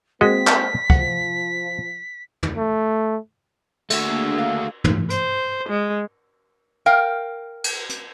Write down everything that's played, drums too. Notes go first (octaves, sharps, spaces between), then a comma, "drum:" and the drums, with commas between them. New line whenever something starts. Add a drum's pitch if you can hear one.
G#3 A#3 C4 F#4 D#5 B6
drum: clap
F3 F#5, drum: kick
drum: tom
A3
A3 A#3 D4 F#4 G#4 A4 E5, drum: cymbal
F5
drum: tom
C5, drum: hi-hat
G#3
A#4 F5 G5
drum: cymbal
drum: hi-hat